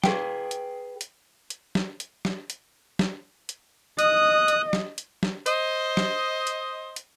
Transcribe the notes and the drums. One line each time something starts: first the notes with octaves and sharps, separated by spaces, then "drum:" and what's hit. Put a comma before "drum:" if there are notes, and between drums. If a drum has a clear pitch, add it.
G#4 B4 G5, drum: snare
drum: hi-hat
drum: hi-hat
drum: hi-hat
drum: snare
drum: hi-hat
drum: snare
drum: hi-hat
drum: snare
drum: hi-hat
D#5 D#6 F#6, drum: hi-hat
drum: hi-hat
drum: snare
drum: hi-hat
drum: snare
C5 D#5, drum: hi-hat
drum: snare
drum: hi-hat
drum: hi-hat